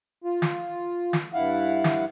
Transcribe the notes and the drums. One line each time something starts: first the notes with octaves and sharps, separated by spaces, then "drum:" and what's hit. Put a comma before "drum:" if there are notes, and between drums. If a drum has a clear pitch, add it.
F4
drum: snare
drum: snare
G2 E4 F5 F#5
drum: snare